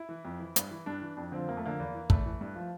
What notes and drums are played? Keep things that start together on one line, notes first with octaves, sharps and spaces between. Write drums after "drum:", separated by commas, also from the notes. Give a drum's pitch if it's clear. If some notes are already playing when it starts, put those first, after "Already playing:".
Already playing: E4
E3
F2
E3
G2, drum: hi-hat
E3
G2 D4
E3
F2 D4
D3 F3 C4
F2 A#3
A3
D3 F3 A#3
E2
E3
E2 A3, drum: kick
E3
G2
F3